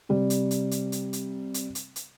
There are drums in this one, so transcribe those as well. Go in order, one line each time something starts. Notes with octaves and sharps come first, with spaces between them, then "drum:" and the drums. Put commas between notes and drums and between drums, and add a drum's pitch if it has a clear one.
C3 G3
drum: hi-hat
drum: hi-hat
drum: hi-hat
drum: hi-hat
drum: hi-hat
drum: hi-hat
drum: hi-hat
drum: hi-hat